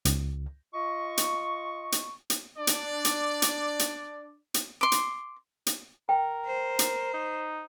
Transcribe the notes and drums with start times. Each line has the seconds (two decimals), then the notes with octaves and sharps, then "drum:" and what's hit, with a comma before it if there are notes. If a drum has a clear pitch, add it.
0.05 C#2, drum: hi-hat
0.73 F4 D#5 C#6
1.17 drum: hi-hat
1.92 drum: hi-hat
2.30 drum: hi-hat
2.58 D4 D5
2.67 drum: hi-hat
3.05 drum: hi-hat
3.42 drum: hi-hat
3.79 drum: hi-hat
4.54 drum: hi-hat
4.81 C6 D6
4.92 drum: hi-hat
5.67 drum: hi-hat
6.09 A#4 G5
6.45 C5
6.79 drum: hi-hat
7.14 D#4